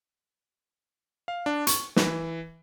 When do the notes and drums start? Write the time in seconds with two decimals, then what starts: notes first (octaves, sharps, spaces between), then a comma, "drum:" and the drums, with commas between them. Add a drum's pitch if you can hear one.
1.28 F5
1.46 D4
1.67 C#6, drum: hi-hat
1.96 E3, drum: snare